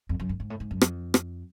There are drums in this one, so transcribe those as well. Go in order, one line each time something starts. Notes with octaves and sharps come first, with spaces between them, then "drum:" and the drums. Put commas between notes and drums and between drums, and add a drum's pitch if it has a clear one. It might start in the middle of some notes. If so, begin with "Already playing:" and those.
F2
F#2
G2
G#2
A2
G#2
F#2
F2, drum: rim click
drum: rim click